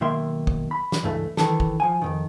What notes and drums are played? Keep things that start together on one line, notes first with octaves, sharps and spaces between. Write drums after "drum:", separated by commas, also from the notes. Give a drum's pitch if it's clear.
B1 D#3 A#3 E5 C6
drum: kick
B5
drum: snare
C#2 G2 E3 A3
D#3 E3 A4, drum: snare
drum: kick
F3 G#5
F2 G#2 D#3